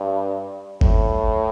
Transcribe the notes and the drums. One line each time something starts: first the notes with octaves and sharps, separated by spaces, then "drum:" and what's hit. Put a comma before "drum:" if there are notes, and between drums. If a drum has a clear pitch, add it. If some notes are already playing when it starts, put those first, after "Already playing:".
Already playing: G2
A2, drum: kick G1